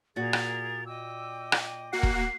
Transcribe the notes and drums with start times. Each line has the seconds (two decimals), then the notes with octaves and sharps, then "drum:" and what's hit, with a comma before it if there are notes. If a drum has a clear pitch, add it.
0.16 A#2 F#4 G#4 A#4 A6
0.33 drum: rim click
0.86 D#5 G5 D6 E6
1.52 drum: rim click
1.93 A#3 F#4 F#5 C7
2.03 drum: kick